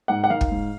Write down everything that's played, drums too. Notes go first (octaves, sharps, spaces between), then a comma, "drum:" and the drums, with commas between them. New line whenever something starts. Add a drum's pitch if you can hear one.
G#2 F#5
F#5
D#3 F5
drum: kick
G#2